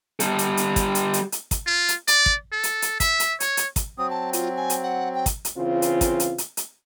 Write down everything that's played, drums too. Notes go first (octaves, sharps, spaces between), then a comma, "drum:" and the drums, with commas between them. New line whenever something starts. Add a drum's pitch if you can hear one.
G3 A4, drum: hi-hat
drum: hi-hat
drum: hi-hat
drum: kick, hi-hat
drum: hi-hat
drum: hi-hat
drum: hi-hat
drum: kick, hi-hat
F4
drum: hi-hat
D5, drum: hi-hat
drum: kick
A4
drum: hi-hat
drum: hi-hat
E5, drum: kick, hi-hat
drum: hi-hat
C#5, drum: hi-hat
drum: hi-hat
drum: kick, hi-hat
F#3 C4 D#6
A5
F4, drum: hi-hat
G#5
drum: hi-hat
F#5
G5
drum: kick, hi-hat
drum: hi-hat
C#3 E3 C4 F4
drum: hi-hat
drum: kick, hi-hat
drum: hi-hat
drum: hi-hat
drum: hi-hat